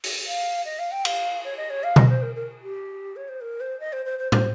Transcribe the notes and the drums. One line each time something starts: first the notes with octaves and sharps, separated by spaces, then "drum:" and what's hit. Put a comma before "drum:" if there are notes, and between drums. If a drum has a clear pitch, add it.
drum: open hi-hat
F5
D#5
F5
G5
F5, drum: cymbal
C#5
D#5
C#5
F5
D#5, drum: tom B2
C5
A#4
A#4
G4
C#5
C5
A#4
C5
D#5
C5
C5
C5
C5, drum: tom